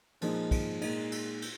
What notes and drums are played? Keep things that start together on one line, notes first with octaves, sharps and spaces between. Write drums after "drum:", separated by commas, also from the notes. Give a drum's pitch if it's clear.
A#2 F3 G#3 D#4, drum: cymbal
drum: kick, cymbal
A#2 G#3 D#4, drum: cymbal
drum: cymbal
drum: cymbal